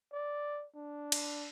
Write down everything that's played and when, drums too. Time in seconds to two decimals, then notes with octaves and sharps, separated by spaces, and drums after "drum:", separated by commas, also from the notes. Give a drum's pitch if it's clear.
0.13 D5
0.75 D4
1.12 drum: cymbal